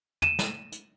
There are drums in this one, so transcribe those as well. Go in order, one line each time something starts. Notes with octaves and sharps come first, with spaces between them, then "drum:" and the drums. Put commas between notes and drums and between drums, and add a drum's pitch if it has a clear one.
D#7 E7, drum: tom
drum: snare
drum: hi-hat